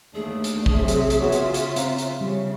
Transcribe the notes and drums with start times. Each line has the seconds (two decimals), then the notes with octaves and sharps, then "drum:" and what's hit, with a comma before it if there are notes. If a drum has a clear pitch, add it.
0.15 D#2 A3 D4 G#4
0.44 drum: hi-hat
0.66 drum: kick A#1
0.76 C3 F#3 C#4 E5
0.88 drum: hi-hat
1.10 drum: hi-hat
1.21 C#3 B3 F4 F#4 C#5
1.32 drum: hi-hat
1.54 drum: hi-hat
1.76 C4 F5 A#5, drum: hi-hat
1.98 drum: hi-hat
2.21 C#3 G3